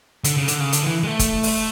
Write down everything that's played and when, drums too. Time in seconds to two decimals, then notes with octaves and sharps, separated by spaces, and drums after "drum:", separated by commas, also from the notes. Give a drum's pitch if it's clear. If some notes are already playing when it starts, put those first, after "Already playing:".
0.24 D3, drum: hi-hat
0.37 C#3
0.48 D3, drum: hi-hat
0.60 C#3
0.73 D3, drum: hi-hat
0.83 E3
1.03 G#3
1.07 A3
1.19 drum: kick F1, hi-hat
1.43 drum: open hi-hat